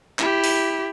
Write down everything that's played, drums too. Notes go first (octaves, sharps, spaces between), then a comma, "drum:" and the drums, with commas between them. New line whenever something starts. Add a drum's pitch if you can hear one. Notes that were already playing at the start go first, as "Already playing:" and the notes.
E4 G4, drum: clap
drum: open hi-hat